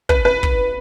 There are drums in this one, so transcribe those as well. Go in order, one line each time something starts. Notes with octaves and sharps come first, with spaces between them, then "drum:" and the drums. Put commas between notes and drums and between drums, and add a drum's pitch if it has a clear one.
B4, drum: kick
B4
drum: kick